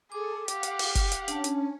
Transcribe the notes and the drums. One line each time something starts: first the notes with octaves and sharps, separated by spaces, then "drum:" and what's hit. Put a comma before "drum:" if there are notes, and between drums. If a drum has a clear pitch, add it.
G#4 A4 D6
G4 F5 F#5, drum: hi-hat
drum: hi-hat
drum: open hi-hat
drum: kick, hi-hat
drum: hi-hat
C#4 D4 A5, drum: hi-hat
drum: hi-hat